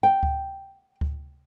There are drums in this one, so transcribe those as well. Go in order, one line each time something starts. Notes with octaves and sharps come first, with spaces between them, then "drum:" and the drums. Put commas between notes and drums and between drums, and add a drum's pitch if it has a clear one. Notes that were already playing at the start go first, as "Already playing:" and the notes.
G5
drum: kick D2
drum: kick D2